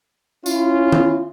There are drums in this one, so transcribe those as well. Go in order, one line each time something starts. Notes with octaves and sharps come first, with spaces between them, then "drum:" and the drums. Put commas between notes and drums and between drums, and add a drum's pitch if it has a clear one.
C#4 E4 F4, drum: tambourine
drum: tom D#3